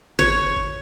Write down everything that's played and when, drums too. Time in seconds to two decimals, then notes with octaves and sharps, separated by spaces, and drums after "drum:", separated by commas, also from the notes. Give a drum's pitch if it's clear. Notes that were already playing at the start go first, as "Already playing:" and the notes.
0.19 C#5, drum: tom
0.56 drum: kick